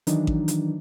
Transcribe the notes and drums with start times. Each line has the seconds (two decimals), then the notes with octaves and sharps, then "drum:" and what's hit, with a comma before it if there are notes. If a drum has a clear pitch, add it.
0.07 D#3 E3 F#3 D4 D#4, drum: hi-hat
0.27 drum: kick A1
0.48 drum: hi-hat